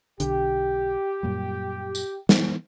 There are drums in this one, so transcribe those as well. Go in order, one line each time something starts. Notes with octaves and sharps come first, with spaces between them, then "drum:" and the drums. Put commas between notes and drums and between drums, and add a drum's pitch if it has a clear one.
B1 D3 G4, drum: hi-hat
F#2 A#2 G3
drum: tambourine
E3 B3, drum: snare